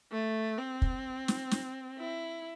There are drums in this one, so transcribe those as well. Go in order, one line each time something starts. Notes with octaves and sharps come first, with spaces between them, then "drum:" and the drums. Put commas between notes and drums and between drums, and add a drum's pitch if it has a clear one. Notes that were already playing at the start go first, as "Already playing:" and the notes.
A3
C4
drum: kick
drum: snare
drum: snare
E4